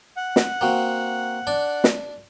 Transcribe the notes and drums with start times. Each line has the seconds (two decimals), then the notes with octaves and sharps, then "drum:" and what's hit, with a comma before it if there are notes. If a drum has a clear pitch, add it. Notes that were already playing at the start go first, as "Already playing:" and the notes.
0.17 F#5
0.36 drum: snare
0.61 A#3 C4 F#4
1.47 D4 D5
1.84 drum: snare